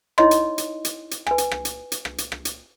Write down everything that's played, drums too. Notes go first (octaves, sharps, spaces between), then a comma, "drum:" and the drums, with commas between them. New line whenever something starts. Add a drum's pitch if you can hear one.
D#4 E4 C#5 D#5 C6, drum: rim click
drum: hi-hat
drum: hi-hat
drum: hi-hat
drum: hi-hat
B4 G#5, drum: rim click
drum: hi-hat
drum: rim click
drum: hi-hat
drum: hi-hat
drum: rim click
drum: hi-hat
drum: rim click
drum: hi-hat